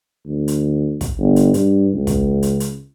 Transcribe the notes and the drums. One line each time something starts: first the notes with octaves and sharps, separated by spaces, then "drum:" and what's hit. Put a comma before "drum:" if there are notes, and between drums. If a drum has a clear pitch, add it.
D2
drum: hi-hat
drum: kick, hi-hat
G1
drum: hi-hat
G2, drum: hi-hat
C#2
drum: kick, hi-hat
drum: hi-hat
drum: hi-hat